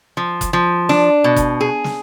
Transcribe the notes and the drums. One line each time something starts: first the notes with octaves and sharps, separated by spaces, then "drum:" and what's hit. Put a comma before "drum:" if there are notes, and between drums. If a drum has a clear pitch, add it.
F3
drum: kick F#1, hi-hat
F3
D4, drum: snare
B2
drum: kick F#1, hi-hat
G#4
drum: snare